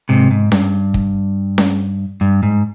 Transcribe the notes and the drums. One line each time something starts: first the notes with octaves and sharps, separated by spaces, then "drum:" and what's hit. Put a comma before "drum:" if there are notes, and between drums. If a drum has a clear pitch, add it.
G#2 C3
G#2
G2, drum: snare C#4
drum: kick
drum: snare C#4
G2
G#2